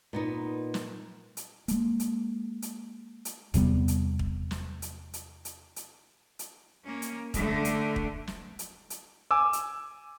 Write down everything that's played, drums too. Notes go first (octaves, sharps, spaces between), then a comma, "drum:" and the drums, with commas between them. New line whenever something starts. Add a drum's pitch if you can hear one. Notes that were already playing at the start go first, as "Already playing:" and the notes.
A#2 B3 D#4
drum: snare
drum: hi-hat
G#3 A#3, drum: hi-hat
drum: hi-hat
drum: hi-hat
drum: hi-hat
E2 C3 G3 B3, drum: kick, hi-hat
drum: hi-hat
drum: kick
drum: snare
drum: hi-hat
drum: hi-hat
drum: hi-hat
drum: hi-hat
drum: hi-hat
A#3 C#4
drum: hi-hat
D3 A3, drum: kick, hi-hat
drum: hi-hat
drum: kick
drum: snare
drum: hi-hat
drum: hi-hat
G#5 D6 E6
drum: hi-hat